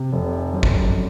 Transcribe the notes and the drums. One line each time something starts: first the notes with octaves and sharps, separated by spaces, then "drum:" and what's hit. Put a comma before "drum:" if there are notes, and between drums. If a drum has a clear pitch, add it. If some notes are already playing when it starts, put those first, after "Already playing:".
Already playing: C3
F1
F#2
drum: kick